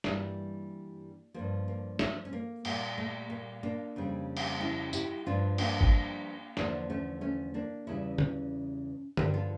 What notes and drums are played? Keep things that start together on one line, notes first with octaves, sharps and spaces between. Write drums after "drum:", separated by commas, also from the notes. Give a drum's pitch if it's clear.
G2 E3 G3 A#3, drum: snare
G2 F3 A#3
A#3
A3, drum: snare
C#4
A#3
A#2 G3 A#3, drum: cymbal
A3
A#3
A#3 D4
F2 C#3 G3
drum: cymbal
C#4 E4
E4 G4, drum: tambourine
G2 F3 D4 F4
A#3 D4, drum: cymbal
drum: kick G#1
E2 D3 F3 A#3 D4, drum: snare
A3 C#4
A3 C#4
A#3 D4
E2 C#3 E3 G3 C#4 E4
drum: tom
G2 D3 F3 G4 A#4, drum: tom
F4 A4